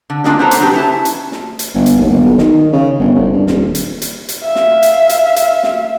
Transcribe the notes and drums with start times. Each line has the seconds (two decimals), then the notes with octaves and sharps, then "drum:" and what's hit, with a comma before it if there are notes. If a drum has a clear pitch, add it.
0.10 D3
0.24 G3 G#3 A#3 D4 E4 F4, drum: snare
0.39 B3 D4 A4 C5 C#5 A#5
0.51 drum: hi-hat
0.60 F#3 A#3 B3 D4 G4
0.74 C#4 E4 A5
1.05 drum: hi-hat
1.32 drum: snare
1.59 drum: hi-hat
1.74 G1
1.86 drum: hi-hat
1.98 D#2
2.10 G1
2.23 B1
2.38 D#3, drum: snare
2.72 C#3
2.99 G1
3.15 C2
3.33 G2
3.47 D#1, drum: snare
3.75 drum: hi-hat
4.02 drum: hi-hat
4.29 drum: hi-hat
4.45 E5 F5
4.56 drum: snare
4.82 drum: hi-hat
5.09 drum: hi-hat
5.36 drum: hi-hat
5.63 drum: snare